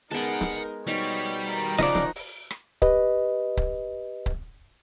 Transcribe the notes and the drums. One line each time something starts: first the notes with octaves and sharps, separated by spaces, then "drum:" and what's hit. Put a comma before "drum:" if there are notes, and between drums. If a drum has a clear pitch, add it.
G#3 B3 D#4 G#4 A#4 F#5 A5
drum: snare
B2 G3 D#4 C5 C#5
D#3 A#5, drum: open hi-hat
C#3 F3 D#4 D5 D#5 F#5, drum: snare
drum: snare
drum: open hi-hat
drum: rim click
G4 B4 D#5, drum: kick C#1
drum: kick C#1
drum: kick C#1